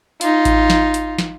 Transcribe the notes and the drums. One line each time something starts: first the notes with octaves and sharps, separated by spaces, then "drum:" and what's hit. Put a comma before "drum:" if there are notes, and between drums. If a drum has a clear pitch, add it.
D#4 F4, drum: hi-hat
drum: kick A1, hi-hat
drum: snare
drum: hi-hat
drum: snare